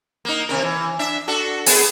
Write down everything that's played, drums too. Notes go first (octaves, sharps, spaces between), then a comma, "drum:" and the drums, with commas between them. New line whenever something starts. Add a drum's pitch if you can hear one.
A#3 D#4
D#2 C3 A#4
E3
D4 E5
D4 F#4 A4
B3 G#4, drum: open hi-hat